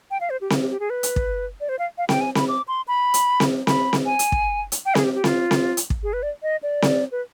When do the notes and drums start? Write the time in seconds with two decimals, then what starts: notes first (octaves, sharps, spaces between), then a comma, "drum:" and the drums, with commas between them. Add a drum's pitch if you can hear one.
0.11 G5
0.21 F5
0.30 C5
0.41 G4
0.50 drum: snare C4
0.60 G4
0.70 G4
0.80 G#4
0.90 B4
1.03 drum: hi-hat
1.16 drum: kick
1.61 D5
1.69 C5
1.79 F5
1.98 F5
2.09 G5, drum: snare C4
2.21 G#5
2.35 B5, drum: snare C4
2.48 D6
2.68 C6
2.88 B5
3.14 drum: hi-hat
3.40 drum: snare C4
3.67 B5, drum: snare C4
3.93 drum: snare C4
4.06 G#5
4.19 drum: hi-hat
4.32 drum: kick
4.72 drum: hi-hat
4.85 G5
4.95 G#4, drum: snare C4
5.04 G4
5.15 G4
5.24 F4, drum: snare C4
5.51 drum: snare C4
5.77 drum: hi-hat
5.90 drum: kick
6.03 G#4
6.13 B4
6.23 D5
6.43 D#5
6.63 D5
6.82 drum: snare C4
7.12 B4